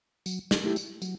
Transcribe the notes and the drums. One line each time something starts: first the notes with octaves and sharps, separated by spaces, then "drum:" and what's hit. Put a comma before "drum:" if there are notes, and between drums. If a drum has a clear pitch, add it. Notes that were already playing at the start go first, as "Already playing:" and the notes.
F#3, drum: tambourine
drum: snare
A3 E4 G4
drum: tambourine
F#3, drum: tambourine